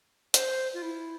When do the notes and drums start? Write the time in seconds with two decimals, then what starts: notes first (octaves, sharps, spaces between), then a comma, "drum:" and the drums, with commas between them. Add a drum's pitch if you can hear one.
0.34 C5, drum: hi-hat
0.74 F4
0.82 E4